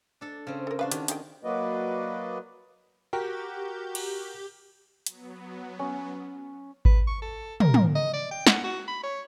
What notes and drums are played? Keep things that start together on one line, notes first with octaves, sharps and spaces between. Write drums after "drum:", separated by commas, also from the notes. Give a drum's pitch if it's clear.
D4 A4
C#3 C4
A4 A#4
D4 F#4 B4 F5
D#3 G4, drum: hi-hat
G4 G#4 G5, drum: hi-hat
F#3 A#3 F#4 B4 D5 D#5
F#4 G4 A#4 G5
drum: cymbal
F#3 B3, drum: hi-hat
C#4
B4, drum: kick G#1
C#6
A4
A#4, drum: tom
drum: tom
D#5
D5
G5
F#5, drum: snare
F#4
B5
C#5